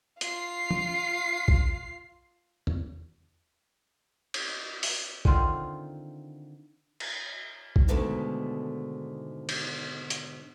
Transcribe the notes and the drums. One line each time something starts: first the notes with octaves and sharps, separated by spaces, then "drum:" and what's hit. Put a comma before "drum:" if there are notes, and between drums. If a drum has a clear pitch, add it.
F4 C7, drum: hi-hat
drum: tom
drum: kick A#1
drum: tom E2
drum: cymbal
drum: open hi-hat
D3 D#3 C4 F4, drum: kick A#1
drum: cymbal
drum: kick A#1
G#2 B2 D3 D#3 G#3 A3
drum: cymbal
drum: hi-hat